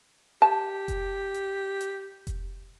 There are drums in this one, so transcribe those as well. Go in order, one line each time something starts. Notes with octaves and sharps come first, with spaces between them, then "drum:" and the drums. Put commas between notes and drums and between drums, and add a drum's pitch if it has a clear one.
G4 A5
drum: kick F1, hi-hat
drum: hi-hat
drum: hi-hat
drum: kick F1, hi-hat